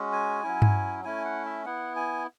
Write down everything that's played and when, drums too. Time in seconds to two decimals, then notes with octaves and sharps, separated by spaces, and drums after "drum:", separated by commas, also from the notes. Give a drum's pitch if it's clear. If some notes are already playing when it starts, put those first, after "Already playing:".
Already playing: G#3 C#4 F#4
0.12 G#5
0.43 F#3 C#4 E4
0.62 drum: tom G2
1.04 A3 C#4 E4 G#5
1.25 F#5
1.45 E5
1.66 B3 E4 F#5
1.96 G#5